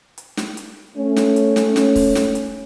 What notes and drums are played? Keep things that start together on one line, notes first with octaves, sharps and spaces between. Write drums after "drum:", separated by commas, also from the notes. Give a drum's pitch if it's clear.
drum: hi-hat
drum: snare
drum: hi-hat
A3 C#4
drum: snare
drum: hi-hat
drum: snare
drum: snare
drum: kick, open hi-hat
drum: snare
drum: hi-hat